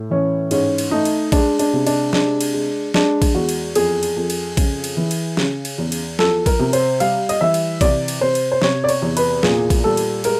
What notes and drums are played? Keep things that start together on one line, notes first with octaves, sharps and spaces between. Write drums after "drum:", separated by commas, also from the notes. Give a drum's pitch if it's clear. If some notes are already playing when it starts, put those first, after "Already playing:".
Already playing: A2
E3 C#4
G#2 C#4, drum: cymbal
drum: cymbal
A3 D#4
drum: cymbal
G#3 D4, drum: kick A#1, cymbal
D4, drum: cymbal
C3
D4, drum: cymbal
G#3 D4, drum: snare
drum: cymbal
G#3
G#3 D4, drum: snare
drum: kick A#1, cymbal
E2 F#4
drum: cymbal
F2 G#4, drum: cymbal
drum: cymbal
F2
drum: cymbal
C#3, drum: kick A#1, cymbal
drum: cymbal
E3
drum: cymbal
C#3, drum: snare
drum: cymbal
E2
drum: cymbal
F3 A4, drum: snare
A#4, drum: kick A#1, cymbal
C3
C5, drum: cymbal
G3 F5, drum: cymbal
D#5, drum: cymbal
E3 E5
drum: cymbal
C3 D5, drum: kick A#1, cymbal
drum: cymbal
C3 C5
drum: cymbal
C5
C3 C#5, drum: snare
D5
C#5, drum: cymbal
E2
B4, drum: cymbal
A#2 G#4, drum: snare
drum: kick A#1, cymbal
G3 A4
drum: cymbal
G#3 A#4, drum: cymbal